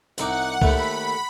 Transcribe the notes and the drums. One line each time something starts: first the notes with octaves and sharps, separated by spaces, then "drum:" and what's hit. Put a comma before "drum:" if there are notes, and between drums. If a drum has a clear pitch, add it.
C2 D#4 F#5 D6, drum: hi-hat
D#2 A3 B5, drum: kick C#2